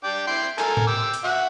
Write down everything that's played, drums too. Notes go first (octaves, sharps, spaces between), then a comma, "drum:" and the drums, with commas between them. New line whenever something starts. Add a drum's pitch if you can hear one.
D4 G5 D6
E4 G5 C6
A4 A#4 G#5, drum: clap
drum: tom A2
G5 D6 E6
drum: hi-hat
F#4 E5 F#5